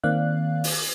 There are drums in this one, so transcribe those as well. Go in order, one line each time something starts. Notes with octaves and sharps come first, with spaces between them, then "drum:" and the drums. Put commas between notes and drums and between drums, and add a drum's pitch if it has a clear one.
D#3 A#3 C4 D5 F5 F#6
drum: open hi-hat